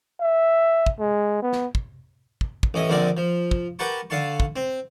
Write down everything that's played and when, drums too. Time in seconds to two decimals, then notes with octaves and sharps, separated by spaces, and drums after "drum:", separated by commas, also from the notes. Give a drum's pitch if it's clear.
0.20 E5
0.86 drum: kick
0.99 G#3
1.42 B3
1.53 drum: snare
1.75 drum: kick
2.41 drum: kick
2.63 drum: kick
2.74 A1 C#4 D#5 E5
2.90 A#1 D3 C4 A#4 D5
3.17 F3
3.51 drum: kick
3.79 G4 A#4 B4 F#5 A5 C#6
4.10 D3 F5 A5 C#6
4.40 drum: kick
4.56 C4